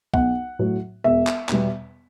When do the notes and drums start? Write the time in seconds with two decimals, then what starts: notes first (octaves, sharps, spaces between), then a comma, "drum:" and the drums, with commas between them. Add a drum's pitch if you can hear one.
0.14 B1 F#5, drum: kick
0.59 A2 F#3
1.04 E1 E5
1.27 drum: clap
1.49 E2 B2 G3, drum: clap